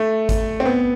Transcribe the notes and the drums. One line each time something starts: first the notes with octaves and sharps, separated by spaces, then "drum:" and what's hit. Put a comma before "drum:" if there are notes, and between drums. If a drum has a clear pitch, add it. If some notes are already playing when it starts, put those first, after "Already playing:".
Already playing: A3
drum: kick G#1, hi-hat
C4
B3